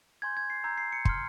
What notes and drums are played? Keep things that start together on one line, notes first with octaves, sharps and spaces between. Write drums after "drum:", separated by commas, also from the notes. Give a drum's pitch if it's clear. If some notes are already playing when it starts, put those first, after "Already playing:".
G#5 C6 G6 G#6
G#6
C7
A#5 E6 G6 G#6
C7
C#7
C6 F6, drum: kick